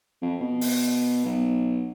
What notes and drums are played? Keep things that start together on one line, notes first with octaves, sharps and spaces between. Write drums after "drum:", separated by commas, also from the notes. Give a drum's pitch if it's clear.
F2
B2
drum: open hi-hat
B1